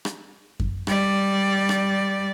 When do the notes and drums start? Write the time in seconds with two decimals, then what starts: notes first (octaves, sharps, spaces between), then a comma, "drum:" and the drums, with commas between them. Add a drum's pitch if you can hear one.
0.05 drum: rim click
0.60 drum: kick F#2
0.87 G3 D5, drum: rim click
1.69 drum: rim click